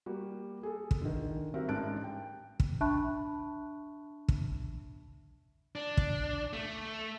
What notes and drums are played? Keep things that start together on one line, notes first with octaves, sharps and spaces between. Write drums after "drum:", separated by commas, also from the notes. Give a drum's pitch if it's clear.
G3 A#3 F#4
G#4 A4
drum: kick
D3 D#3
G3 C4 F#4 A#4 E5
A1 G#2 D4 A5 F#6 D7
G5
drum: kick
D4 E5 A5 B5 C#6 F#6
drum: kick
D4
drum: kick
A3